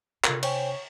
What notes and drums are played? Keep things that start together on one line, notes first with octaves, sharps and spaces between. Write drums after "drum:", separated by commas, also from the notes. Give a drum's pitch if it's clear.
C3 D4 F4 A4 A#4, drum: clap
C5 C#5 G5 G#5, drum: cymbal